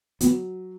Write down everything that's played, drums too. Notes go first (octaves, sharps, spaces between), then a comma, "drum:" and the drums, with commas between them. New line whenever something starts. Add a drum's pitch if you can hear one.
F#3 B3, drum: hi-hat